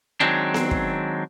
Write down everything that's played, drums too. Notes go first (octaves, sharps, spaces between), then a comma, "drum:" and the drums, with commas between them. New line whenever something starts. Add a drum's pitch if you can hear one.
D#3 F#3 G#3 C4 D4
drum: snare B3
drum: kick